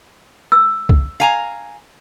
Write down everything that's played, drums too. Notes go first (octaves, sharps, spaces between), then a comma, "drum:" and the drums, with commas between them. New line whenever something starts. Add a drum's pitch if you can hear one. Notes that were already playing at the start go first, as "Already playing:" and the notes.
E6
drum: kick C#2
F5 G#5 A#5